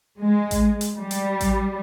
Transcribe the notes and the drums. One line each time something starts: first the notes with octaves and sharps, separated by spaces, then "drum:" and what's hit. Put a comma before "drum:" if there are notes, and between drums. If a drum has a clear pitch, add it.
G#3
drum: kick A1, hi-hat
drum: hi-hat
G3
drum: hi-hat
drum: kick A1, hi-hat